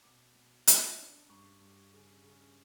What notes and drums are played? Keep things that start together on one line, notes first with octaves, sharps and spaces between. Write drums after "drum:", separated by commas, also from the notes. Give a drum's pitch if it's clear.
B2 D6
B2
C#3, drum: hi-hat
D4
G2 C#6
G2
C#3
C#3